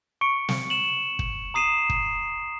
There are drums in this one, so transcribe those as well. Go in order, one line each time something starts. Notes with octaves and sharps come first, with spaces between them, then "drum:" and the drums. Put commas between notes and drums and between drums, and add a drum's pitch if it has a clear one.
C#6 C#7 D7
drum: snare
E7 F#7
drum: kick
A#5 D#6 C7 D#7 E7
drum: kick